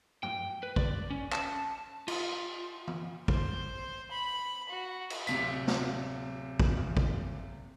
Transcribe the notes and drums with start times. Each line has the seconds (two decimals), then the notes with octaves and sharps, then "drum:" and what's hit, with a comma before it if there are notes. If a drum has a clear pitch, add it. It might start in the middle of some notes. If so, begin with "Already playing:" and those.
0.23 G5, drum: tom G2
0.63 B4
0.76 D5, drum: kick
1.10 C#4
1.32 A5, drum: clap
2.08 F4, drum: cymbal
2.87 drum: tom E3
3.28 C5, drum: kick
4.11 B5
4.69 F#4
5.10 drum: cymbal
5.27 D1 C3 B6, drum: tambourine
5.68 drum: snare
6.60 drum: kick
6.77 drum: tom E3
6.97 drum: kick